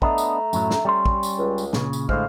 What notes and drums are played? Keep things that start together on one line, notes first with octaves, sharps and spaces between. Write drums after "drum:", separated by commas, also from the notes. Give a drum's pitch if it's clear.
A3 B3 D4 D#5 E5 A#5, drum: kick
drum: tambourine
F#2 A2 F#3, drum: tambourine
drum: snare
G3 C#4 C6
drum: kick
drum: tambourine
C#2
drum: tambourine
A#2 C#3, drum: snare
drum: tambourine
A2 D3 G#3 A3 C5 F5, drum: kick